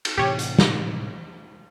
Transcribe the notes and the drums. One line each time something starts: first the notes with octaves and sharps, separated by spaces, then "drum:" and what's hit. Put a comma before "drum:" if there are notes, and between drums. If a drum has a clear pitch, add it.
drum: cymbal
A2 C3 E3 G4 C#5
drum: hi-hat
drum: snare